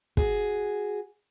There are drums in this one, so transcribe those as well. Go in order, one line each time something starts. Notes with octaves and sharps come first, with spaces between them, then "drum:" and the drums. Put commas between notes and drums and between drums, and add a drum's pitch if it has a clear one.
F#4 G#4, drum: kick